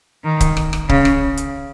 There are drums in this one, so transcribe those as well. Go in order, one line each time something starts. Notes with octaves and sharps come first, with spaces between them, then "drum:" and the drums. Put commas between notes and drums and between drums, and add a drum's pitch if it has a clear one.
D#3
drum: kick C#1, hi-hat
drum: rim click
drum: rim click
C#3, drum: kick C#1
drum: rim click
drum: hi-hat